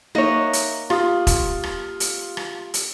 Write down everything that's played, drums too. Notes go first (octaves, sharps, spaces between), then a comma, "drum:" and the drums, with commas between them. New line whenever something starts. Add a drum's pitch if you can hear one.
A#3 D#4 C#5 D#5 E5 F#5 A#6
drum: hi-hat
F4 G4 C6 D#6, drum: rim click
drum: kick E1, hi-hat
drum: rim click
drum: hi-hat
drum: rim click
drum: hi-hat